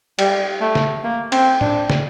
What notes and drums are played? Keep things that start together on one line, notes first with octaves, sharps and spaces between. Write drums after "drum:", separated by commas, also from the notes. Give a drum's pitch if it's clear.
G3, drum: cymbal
A3
drum: snare
A#3
C4, drum: cymbal
D4, drum: tom A2
drum: snare